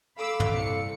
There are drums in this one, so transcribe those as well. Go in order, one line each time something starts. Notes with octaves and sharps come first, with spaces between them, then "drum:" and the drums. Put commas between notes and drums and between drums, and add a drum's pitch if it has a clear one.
A4 F5 B5 D6 E6
drum: tom
C2 C#7